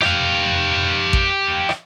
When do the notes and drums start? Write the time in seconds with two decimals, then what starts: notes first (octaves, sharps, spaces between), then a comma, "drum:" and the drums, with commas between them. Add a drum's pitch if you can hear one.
0.01 G4 F5, drum: rim click
1.13 drum: kick A1
1.69 drum: rim click